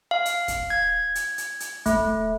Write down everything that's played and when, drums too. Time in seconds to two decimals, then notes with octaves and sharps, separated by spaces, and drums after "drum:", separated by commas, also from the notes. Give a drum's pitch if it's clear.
0.11 F5
0.25 drum: hi-hat
0.48 drum: kick, hi-hat
0.70 G#6
1.15 drum: hi-hat
1.38 drum: hi-hat
1.60 drum: hi-hat
1.86 A3, drum: kick, hi-hat